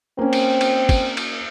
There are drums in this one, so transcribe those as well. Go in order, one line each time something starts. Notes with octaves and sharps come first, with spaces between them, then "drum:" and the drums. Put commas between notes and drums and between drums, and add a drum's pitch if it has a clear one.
A#3 C4 C#4
drum: cymbal
drum: cymbal
drum: kick, cymbal
drum: cymbal